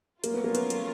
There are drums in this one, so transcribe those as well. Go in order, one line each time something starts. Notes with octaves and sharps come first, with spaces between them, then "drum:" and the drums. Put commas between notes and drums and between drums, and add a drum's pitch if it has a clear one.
F#3 A3 A#3 C#4 F4 A#4, drum: hi-hat
B3
A#3
B3, drum: hi-hat
drum: hi-hat